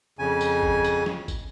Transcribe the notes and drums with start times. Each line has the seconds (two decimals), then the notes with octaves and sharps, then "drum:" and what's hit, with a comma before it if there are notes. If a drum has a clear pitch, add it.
0.19 F2 C#3 G#5
0.41 drum: tambourine
0.63 drum: kick
0.84 drum: tambourine
1.06 drum: snare
1.28 drum: kick, tambourine